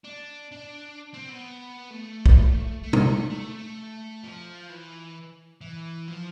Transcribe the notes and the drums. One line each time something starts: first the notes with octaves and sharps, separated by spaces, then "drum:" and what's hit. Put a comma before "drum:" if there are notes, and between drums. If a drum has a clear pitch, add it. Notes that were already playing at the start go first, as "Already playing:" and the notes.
D4
D4
C4
B3
A3
drum: kick
A3
drum: tom
A3
F3
E3
E3
F3